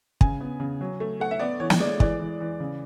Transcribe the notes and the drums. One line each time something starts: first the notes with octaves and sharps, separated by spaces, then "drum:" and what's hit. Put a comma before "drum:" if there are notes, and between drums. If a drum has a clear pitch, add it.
C#3 G#5, drum: kick
B3
C#3
F#3
A3
A3 F#5
E5
B3 D5
E3 C#5
drum: snare
G#3 D5
E3 D5, drum: kick
E3
E3
C#3